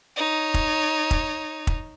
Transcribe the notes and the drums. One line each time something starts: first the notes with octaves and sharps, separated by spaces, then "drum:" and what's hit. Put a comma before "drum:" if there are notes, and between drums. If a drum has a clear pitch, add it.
D#4 C#5
drum: kick
drum: kick
drum: kick